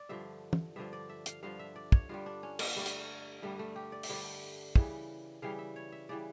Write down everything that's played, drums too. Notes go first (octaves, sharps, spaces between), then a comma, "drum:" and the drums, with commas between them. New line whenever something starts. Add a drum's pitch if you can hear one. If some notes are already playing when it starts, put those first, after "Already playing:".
Already playing: D5
G2 D3 F3 E5
drum: tom
G2 D3 F3 E5
D5
E5
F5, drum: hi-hat
G2 D3 F3 F5
E5
D5
C#5, drum: kick
G2 D3 G3 F4
D4
C#4
A#3, drum: cymbal
G2 D3 G3 A3
drum: hi-hat
G2 D3 G3 A3
A3
G4
D5
E5, drum: open hi-hat
G2 D3 G3 D5
C#3 E3 G3, drum: kick
C#3 E3 G3 F5
E5
C#5
E5
C#3 E3 G3 D5